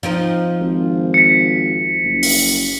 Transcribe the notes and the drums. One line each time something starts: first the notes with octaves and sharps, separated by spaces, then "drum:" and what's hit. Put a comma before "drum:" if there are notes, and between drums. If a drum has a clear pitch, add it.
F3 C4 D#4
G#1
B6 C#7
F#1
drum: open hi-hat